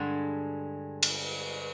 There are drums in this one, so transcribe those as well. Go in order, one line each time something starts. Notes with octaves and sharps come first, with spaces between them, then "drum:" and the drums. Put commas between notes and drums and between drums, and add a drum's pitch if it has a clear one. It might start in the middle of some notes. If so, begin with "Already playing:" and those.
Already playing: G2 D3 G3 G#3
drum: cymbal